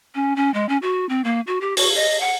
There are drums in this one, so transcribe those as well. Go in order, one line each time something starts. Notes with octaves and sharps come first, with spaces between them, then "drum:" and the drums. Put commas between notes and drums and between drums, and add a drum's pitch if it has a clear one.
C#4
C#4
G#3
C#4
F#4
C4
A#3
F#4
G4
F#4, drum: open hi-hat
D#5
F#5